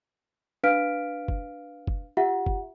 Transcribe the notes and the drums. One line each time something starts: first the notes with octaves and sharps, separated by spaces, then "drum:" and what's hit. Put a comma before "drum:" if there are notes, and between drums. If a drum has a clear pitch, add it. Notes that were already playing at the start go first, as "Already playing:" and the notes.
D4 B4 F5 F6 B6 D7
drum: kick
drum: kick
F4 G4 E5 F#5
drum: kick